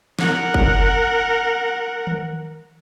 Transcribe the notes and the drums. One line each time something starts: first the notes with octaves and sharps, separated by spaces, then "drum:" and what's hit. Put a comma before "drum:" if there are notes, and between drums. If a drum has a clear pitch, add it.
A#4 F#5, drum: snare
drum: kick F#1
drum: tom D#3